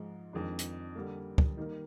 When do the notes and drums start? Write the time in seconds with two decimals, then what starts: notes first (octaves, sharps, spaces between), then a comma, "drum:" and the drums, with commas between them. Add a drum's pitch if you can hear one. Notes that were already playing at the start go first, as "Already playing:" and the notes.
Already playing: G#2 F3 G#3
0.33 F2 D#3 G#3 D4
0.59 drum: hi-hat
0.95 D3 G3 A#3
1.38 drum: kick
1.57 D#3 G3 A#3 D#4 A#4